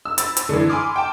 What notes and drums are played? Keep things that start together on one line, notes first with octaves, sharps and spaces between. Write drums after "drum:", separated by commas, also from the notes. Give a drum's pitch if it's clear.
E6
B5 A6, drum: hi-hat
drum: hi-hat
D3 E3
G#5 B5 C6 D6 F6
G5 A5